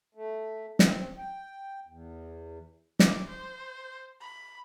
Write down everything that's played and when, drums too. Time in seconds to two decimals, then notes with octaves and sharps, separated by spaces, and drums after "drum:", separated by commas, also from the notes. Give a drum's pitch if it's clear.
0.15 A3
0.79 C4, drum: snare
1.18 G5
1.87 E2
2.99 D6, drum: snare
3.29 C5
4.21 B5